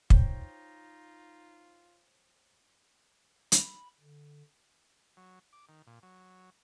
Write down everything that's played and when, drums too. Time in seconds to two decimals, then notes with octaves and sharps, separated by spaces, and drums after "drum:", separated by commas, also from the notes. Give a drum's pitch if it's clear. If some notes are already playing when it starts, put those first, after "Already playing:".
0.10 D#4 F4 C5 C#5 G5, drum: kick
3.52 B5, drum: hi-hat
4.01 D3
5.17 F#3
5.53 D6
5.69 D#3
5.87 A#2
6.03 F#3